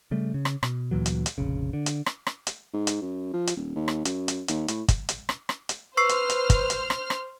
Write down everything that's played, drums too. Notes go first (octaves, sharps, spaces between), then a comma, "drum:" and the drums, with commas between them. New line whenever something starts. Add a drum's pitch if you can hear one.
C#3 G3 A3
C#3
drum: rim click
B2, drum: rim click
D2 A#2 E3 F#3
drum: hi-hat
drum: hi-hat
F1 A#1 C#3
D3
drum: hi-hat
drum: rim click
drum: rim click
drum: hi-hat
G#2
drum: hi-hat
F#2
F3
drum: hi-hat
D#1
D#2
drum: rim click
F#2, drum: hi-hat
drum: hi-hat
D#2, drum: hi-hat
A2, drum: hi-hat
drum: kick, hi-hat
drum: hi-hat
drum: rim click
drum: rim click
drum: hi-hat
B4 C5 C#6 E6 F6 C7
drum: hi-hat
drum: hi-hat
drum: kick, hi-hat
drum: hi-hat
drum: rim click
drum: rim click